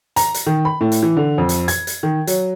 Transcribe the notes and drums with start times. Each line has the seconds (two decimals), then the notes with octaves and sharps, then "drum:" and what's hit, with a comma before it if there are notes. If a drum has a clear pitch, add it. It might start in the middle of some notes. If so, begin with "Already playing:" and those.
0.16 A#5, drum: hi-hat
0.34 drum: hi-hat
0.46 D#3
0.65 B5
0.81 A2
0.92 drum: hi-hat
1.03 E3
1.17 D3
1.38 F2
1.49 drum: hi-hat
1.68 G#6, drum: hi-hat
1.87 drum: hi-hat
2.03 D#3
2.27 F#3, drum: hi-hat